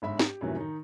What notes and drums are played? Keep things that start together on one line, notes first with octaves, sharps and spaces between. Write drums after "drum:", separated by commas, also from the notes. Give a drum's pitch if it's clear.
G1 G#2 E5 B5
G4, drum: snare
F#2 A2 C3 D#3 E3 G3
D#3 D#4